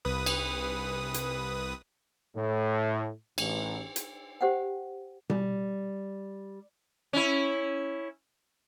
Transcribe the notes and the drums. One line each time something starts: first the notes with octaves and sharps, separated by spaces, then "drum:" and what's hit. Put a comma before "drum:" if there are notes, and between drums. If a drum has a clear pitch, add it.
C2 B4 D#6
drum: cymbal
drum: hi-hat
A2
A1, drum: cymbal
drum: hi-hat
G4 C5 F#5 G5
G3, drum: tom B2
C#4 E4